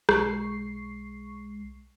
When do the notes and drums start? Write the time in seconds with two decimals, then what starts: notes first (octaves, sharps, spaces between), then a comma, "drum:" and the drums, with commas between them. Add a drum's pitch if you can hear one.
0.09 B1 G#3 C#6 C7, drum: rim click